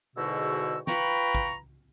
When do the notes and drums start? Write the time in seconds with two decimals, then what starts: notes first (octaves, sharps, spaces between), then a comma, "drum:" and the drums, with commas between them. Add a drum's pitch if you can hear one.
0.16 E2 G#2 B2 D3 F#4 E6
0.87 F4 B4 G5 A#5 B5 C#6, drum: snare
1.35 drum: kick